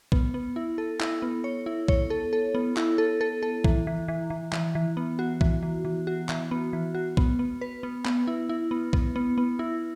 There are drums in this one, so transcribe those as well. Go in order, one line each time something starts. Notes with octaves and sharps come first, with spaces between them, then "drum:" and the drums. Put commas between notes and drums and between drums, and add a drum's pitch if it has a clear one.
B3, drum: kick
B3
E4
A4
E4, drum: clap
B3
C#5
E4
C#5, drum: kick
A4
A4
B3
E4, drum: clap
A4
A4
A4
E3, drum: kick
E3
E3
E3
E3, drum: clap
E3
B3
F#4
E3, drum: kick
E3
E3
F#4
E3, drum: clap
B3
E3
F#4
B3, drum: kick
B3
B4
B3
B3, drum: clap
E4
E4
B3
B3, drum: kick
B3
B3
E4